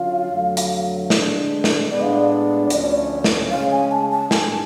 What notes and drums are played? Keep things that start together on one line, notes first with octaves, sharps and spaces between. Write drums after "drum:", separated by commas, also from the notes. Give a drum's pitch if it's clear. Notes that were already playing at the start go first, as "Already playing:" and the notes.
Already playing: D3 F#3 C#4 F4 F5
F2 D3 F#3 A3
drum: hi-hat
D3 G#3 D4, drum: snare
drum: snare
A2 G#3 B3 D4 D5
F5
D5
D2 D3 F3 A3 C#4, drum: hi-hat
drum: snare
C#3 G#3 C#4 F5
G#5
A5
A5
G#2 G#3 D4 G#5, drum: snare